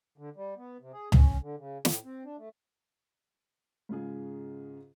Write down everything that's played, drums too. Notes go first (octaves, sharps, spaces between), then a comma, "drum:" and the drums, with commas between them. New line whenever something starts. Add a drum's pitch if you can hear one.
D3
G3
B3
C3
G#4
C#4, drum: tom C#2
D3
C#3
A2, drum: snare
C4
D4
A3
G#2 C#3 F4 G#4